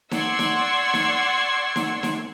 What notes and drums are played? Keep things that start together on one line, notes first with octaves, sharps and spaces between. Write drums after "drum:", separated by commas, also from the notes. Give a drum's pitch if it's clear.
D5 F#5 C6 C#6 E6 G#6, drum: snare D#4
drum: snare D#4
drum: snare D#4
drum: snare D#4
drum: snare D#4